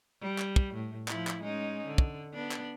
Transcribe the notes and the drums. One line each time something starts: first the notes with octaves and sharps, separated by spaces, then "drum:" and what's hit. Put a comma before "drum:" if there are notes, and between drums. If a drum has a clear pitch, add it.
G3
drum: clap
drum: kick
A2
F3 E4, drum: clap
drum: clap
G#3 C#4 D#4
D3
drum: kick
B3 D4
drum: clap